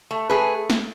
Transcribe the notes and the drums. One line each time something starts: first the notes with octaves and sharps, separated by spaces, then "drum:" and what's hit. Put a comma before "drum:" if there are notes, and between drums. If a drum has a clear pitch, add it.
A3
A3 G#4 B4
drum: snare